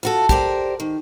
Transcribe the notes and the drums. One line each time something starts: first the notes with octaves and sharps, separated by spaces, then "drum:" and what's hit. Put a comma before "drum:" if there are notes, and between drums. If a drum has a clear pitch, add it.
F4 F#4 A4
G4 A#4 C5 D5, drum: kick
D#3